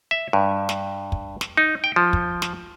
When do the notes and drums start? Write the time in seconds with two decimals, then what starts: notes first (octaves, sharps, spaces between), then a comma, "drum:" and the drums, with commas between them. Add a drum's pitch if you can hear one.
0.11 E5
0.33 G2
0.69 drum: snare
1.12 drum: kick
1.41 drum: snare
1.57 D#4
1.84 G5
1.96 F3
2.13 drum: kick
2.42 drum: snare